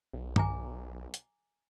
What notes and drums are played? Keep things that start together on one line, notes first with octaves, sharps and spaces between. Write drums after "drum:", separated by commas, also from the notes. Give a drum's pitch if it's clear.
B1
G#5 A#5 D6, drum: tom G2
drum: hi-hat